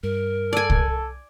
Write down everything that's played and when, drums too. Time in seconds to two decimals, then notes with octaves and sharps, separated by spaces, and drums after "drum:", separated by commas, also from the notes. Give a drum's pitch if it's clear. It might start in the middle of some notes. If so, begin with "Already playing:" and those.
0.03 G2 A#4
0.53 A4 D5 G#5
0.70 drum: kick C2